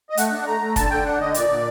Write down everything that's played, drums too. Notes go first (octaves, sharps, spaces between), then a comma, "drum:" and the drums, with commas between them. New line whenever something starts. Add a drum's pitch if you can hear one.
D#5
A3 F#5, drum: hi-hat
D4
A3 A#5
A3
D3 A5, drum: kick, hi-hat
D3 G5
D4 F#5
D3 D#5
A#2 D5, drum: hi-hat
A#2